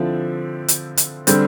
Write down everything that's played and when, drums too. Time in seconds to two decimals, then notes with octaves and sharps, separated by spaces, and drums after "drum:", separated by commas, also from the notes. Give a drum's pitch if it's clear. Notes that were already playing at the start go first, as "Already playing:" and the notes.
Already playing: D3 F3 C4 E4
0.68 drum: hi-hat
0.97 drum: hi-hat
1.27 D3 G3 C4, drum: hi-hat